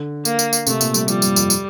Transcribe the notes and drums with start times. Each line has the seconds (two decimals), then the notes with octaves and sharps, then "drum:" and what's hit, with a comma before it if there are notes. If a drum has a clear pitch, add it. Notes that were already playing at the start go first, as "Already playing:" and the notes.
Already playing: D3
0.25 A#3, drum: tambourine
0.39 drum: tambourine
0.53 drum: tambourine
0.67 C3 A3, drum: tambourine
0.81 A#2, drum: tambourine
0.94 G3, drum: tambourine
1.08 F3 G3, drum: tambourine
1.22 G2, drum: tambourine
1.36 F2, drum: tambourine
1.50 drum: tambourine